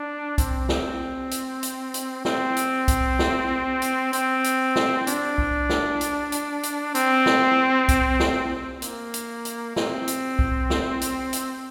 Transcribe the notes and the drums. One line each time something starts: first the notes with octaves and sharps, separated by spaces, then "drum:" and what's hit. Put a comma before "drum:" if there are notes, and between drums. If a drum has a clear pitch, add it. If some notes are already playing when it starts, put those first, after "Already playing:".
Already playing: D4
C4, drum: kick C2, hi-hat
drum: snare
drum: hi-hat
drum: hi-hat
drum: hi-hat
C4, drum: snare
drum: hi-hat
drum: kick C2, hi-hat
drum: snare
drum: hi-hat
C4, drum: hi-hat
drum: hi-hat
drum: snare
D4, drum: hi-hat
drum: kick C2
drum: snare
drum: hi-hat
drum: hi-hat
drum: hi-hat
C4, drum: hi-hat
drum: snare
drum: kick C2, hi-hat
drum: snare
A#3, drum: hi-hat
drum: hi-hat
drum: hi-hat
C4, drum: snare
drum: hi-hat
drum: kick C2
drum: snare
drum: hi-hat
drum: hi-hat